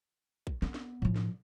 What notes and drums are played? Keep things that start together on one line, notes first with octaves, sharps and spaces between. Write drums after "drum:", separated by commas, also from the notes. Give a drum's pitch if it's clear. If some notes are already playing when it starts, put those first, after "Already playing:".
drum: kick A#1
B3, drum: snare
drum: snare
A2 F3
drum: snare